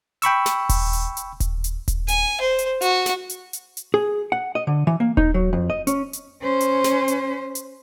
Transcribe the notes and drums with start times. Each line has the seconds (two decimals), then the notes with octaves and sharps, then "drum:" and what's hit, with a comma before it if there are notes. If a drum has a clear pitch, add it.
0.22 G5 B5 C#6 E6, drum: hi-hat
0.46 drum: snare
0.69 drum: kick D#1, open hi-hat
0.93 drum: hi-hat
1.17 drum: hi-hat
1.40 drum: kick D#1, hi-hat
1.64 drum: hi-hat
1.88 drum: kick D#1, hi-hat
2.08 G#5, drum: hi-hat
2.41 C5
2.59 drum: hi-hat
2.81 F#4, drum: hi-hat
3.06 drum: snare
3.29 drum: hi-hat
3.53 drum: hi-hat
3.77 drum: hi-hat
3.94 G#4
4.32 F#5
4.55 D#5
4.67 D3
4.87 E3
5.00 A#3
5.17 D#4, drum: kick D#1
5.34 F#3
5.53 F2
5.70 D#5
5.87 C#4, drum: hi-hat
6.13 drum: hi-hat
6.42 C#4 C5
6.60 drum: hi-hat
6.84 drum: snare
7.08 drum: hi-hat
7.55 drum: hi-hat